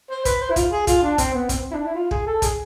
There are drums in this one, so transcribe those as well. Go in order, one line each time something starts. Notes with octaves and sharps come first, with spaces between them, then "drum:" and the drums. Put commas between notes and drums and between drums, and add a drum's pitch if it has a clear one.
C5
B4, drum: kick, hi-hat
C5
E4
F4, drum: kick, hi-hat
G#4
F4, drum: kick, hi-hat
D4
C4, drum: kick, hi-hat
B3
C4, drum: kick, hi-hat
E4
D4
E4
F4
G#4, drum: kick
A4
G#4, drum: kick, hi-hat